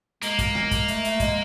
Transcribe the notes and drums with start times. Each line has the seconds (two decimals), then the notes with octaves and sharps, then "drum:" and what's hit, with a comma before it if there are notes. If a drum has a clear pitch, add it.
0.22 G#3 A#3, drum: hi-hat
0.38 drum: kick, hi-hat
0.55 drum: rim click
0.71 drum: kick, hi-hat
0.88 A3, drum: hi-hat
1.05 A3, drum: hi-hat
1.20 G#3, drum: kick, hi-hat